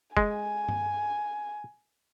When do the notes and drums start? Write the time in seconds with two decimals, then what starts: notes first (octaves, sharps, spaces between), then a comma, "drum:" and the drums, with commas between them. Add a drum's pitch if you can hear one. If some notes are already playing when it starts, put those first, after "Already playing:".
0.17 G#3 G#5, drum: kick
0.69 drum: tom G2